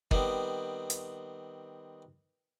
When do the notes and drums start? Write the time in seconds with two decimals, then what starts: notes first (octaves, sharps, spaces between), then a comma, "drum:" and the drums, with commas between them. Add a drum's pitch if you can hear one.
0.11 D#3 G3 B3 C4, drum: kick
0.90 drum: hi-hat